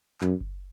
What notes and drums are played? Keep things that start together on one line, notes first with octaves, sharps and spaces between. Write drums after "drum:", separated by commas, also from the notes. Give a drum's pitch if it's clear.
F#2, drum: clap
drum: kick F#1